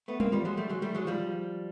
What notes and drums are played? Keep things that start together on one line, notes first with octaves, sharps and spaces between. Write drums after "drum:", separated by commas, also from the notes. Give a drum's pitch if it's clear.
A3 B3
A#3 C4, drum: tom G3
F3 G3
F#3 G#3
G3 A3
F#3 G#3
G3 A3
F#3 G#3
F3 G3